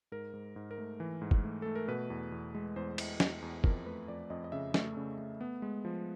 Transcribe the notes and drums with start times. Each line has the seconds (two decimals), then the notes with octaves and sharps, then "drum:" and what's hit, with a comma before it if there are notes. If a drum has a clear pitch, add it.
0.12 G#2 A#4
0.33 G#2
0.56 G#2
0.71 A#4
0.78 A3
1.00 E3
1.22 G#2
1.31 drum: kick
1.44 A3
1.62 A3 A4
1.75 A#4
1.88 B2 B4
2.10 E2
2.32 E2
2.55 G#3
2.76 E2 C5
2.98 E2, drum: cymbal
3.20 E2, drum: snare
3.42 E2
3.64 F2 A#4, drum: kick
3.86 A3 B4
4.08 F2 D5
4.30 F2 D#5
4.44 D#5
4.52 C#3 E5
4.74 A3, drum: snare
4.97 C#3
5.18 A3
5.41 B3
5.62 G#3
5.85 F3